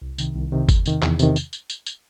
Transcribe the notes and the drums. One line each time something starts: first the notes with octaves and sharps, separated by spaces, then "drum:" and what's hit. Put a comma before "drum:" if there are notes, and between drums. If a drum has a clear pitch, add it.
C2
C3 D#3, drum: tambourine
C2
C3 D#3
E2, drum: kick, tambourine
C3 D#3, drum: tambourine
E2, drum: clap
C3 D#3, drum: tambourine
drum: tambourine
drum: tambourine
drum: tambourine
drum: tambourine